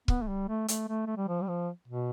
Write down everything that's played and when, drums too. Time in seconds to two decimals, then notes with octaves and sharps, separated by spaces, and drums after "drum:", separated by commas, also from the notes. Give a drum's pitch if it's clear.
0.08 B3, drum: kick
0.22 A3
0.28 G3
0.48 A3
0.68 A3, drum: hi-hat
0.88 A3
1.06 A3
1.17 G3
1.28 F3
1.42 G3
1.48 F3
1.88 B2